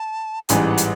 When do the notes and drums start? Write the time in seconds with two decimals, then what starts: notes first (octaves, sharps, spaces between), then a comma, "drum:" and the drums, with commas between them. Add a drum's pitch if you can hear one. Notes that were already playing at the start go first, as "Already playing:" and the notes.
Already playing: A5
0.49 A1 G#2 E3 G3 G#5, drum: hi-hat
0.68 F#5
0.77 drum: hi-hat